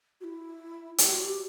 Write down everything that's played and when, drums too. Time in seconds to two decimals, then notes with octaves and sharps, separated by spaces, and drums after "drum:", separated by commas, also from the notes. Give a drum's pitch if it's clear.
0.21 F#4
0.24 E4
0.98 G4, drum: hi-hat
1.11 F#4
1.24 G4